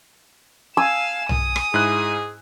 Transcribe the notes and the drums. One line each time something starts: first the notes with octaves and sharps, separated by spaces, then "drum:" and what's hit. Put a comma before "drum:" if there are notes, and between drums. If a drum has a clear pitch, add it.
F5 G#5 E6 E7
D#6, drum: tom
drum: rim click
G#2 E4 G#4 F#6